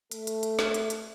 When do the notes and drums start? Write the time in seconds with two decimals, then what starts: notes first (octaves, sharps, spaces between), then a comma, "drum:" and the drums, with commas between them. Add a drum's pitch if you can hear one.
0.11 A3 A4, drum: hi-hat
0.27 drum: hi-hat
0.43 drum: hi-hat
0.59 drum: snare
0.74 drum: hi-hat
0.90 drum: hi-hat